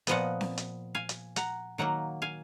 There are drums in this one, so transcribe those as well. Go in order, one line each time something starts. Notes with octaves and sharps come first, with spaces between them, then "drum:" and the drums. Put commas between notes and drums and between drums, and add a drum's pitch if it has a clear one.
A#2 F3 B3 D#5 F#5, drum: hi-hat
drum: snare C4
drum: hi-hat
F5 G#5
drum: hi-hat
F#5 A#5, drum: hi-hat
D#3 F#3 A#3 F#5 A#5
F5 G#5